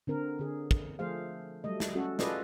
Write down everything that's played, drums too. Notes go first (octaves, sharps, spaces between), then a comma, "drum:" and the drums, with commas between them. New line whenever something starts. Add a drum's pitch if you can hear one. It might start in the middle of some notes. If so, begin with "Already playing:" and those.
D3 C4 A#4
D3 G#4
drum: kick
F3 A3 G#4 C5 F5
F#3 G3 A3 D#5
drum: snare
C#4 F#4 A4
F4 G#4 A4 B4 D5 D#5, drum: snare